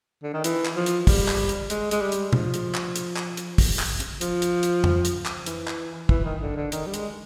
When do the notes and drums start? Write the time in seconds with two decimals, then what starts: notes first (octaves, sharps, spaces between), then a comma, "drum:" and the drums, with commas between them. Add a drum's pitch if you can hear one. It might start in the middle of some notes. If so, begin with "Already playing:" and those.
0.23 D3
0.34 D#3
0.44 E3, drum: hi-hat
0.65 drum: clap
0.76 F3
0.86 drum: hi-hat
1.07 G3, drum: kick, open hi-hat
1.28 drum: clap
1.49 drum: hi-hat
1.70 G#3, drum: hi-hat
1.91 G#3, drum: hi-hat
2.01 G3
2.12 drum: hi-hat
2.33 F3, drum: tom B2
2.54 drum: hi-hat
2.75 drum: clap
2.96 drum: hi-hat
3.16 drum: clap
3.37 drum: hi-hat
3.58 drum: kick, open hi-hat
3.79 drum: clap
4.00 drum: hi-hat
4.21 F3, drum: hi-hat
4.42 drum: hi-hat
4.63 drum: hi-hat
4.84 drum: tom F2
5.05 drum: hi-hat
5.26 drum: clap
5.46 E3, drum: hi-hat
5.68 drum: clap
6.09 E3, drum: kick
6.25 D#3
6.41 D3
6.56 D3
6.72 D#3, drum: hi-hat
6.86 G3
6.94 G#3, drum: hi-hat